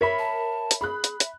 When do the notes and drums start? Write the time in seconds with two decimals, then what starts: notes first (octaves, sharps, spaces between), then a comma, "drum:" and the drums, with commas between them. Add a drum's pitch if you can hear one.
0.01 A#4 C#5 E5 B5
0.18 A5
0.71 drum: hi-hat
0.81 G#4 B5 F#6
1.04 drum: hi-hat
1.20 E5, drum: hi-hat